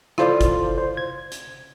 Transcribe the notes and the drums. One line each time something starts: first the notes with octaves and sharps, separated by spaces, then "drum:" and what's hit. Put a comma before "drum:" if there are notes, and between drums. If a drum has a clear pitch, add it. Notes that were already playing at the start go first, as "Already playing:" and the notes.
E4 F4 A4 C5 D5, drum: rim click
drum: kick G#1, hi-hat
C5
G#6
drum: hi-hat